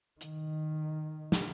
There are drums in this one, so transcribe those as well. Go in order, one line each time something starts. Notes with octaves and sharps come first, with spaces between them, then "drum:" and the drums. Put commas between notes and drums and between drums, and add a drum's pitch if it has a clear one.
D#3, drum: hi-hat
drum: snare